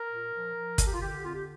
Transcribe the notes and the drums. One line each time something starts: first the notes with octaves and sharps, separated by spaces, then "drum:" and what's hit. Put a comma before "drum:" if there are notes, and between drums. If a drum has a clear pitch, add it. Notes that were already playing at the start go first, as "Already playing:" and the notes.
Already playing: A#4
A#2
F3
F3
D3 A4, drum: kick, hi-hat
G4
F4
D3 G4
F2 F4
G4